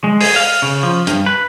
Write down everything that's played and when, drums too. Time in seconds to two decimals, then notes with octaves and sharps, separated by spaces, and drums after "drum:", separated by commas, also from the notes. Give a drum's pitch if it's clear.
0.04 G#3
0.21 G#4, drum: open hi-hat
0.36 F5
0.62 C#3
0.83 F3
1.07 G2, drum: hi-hat
1.26 B4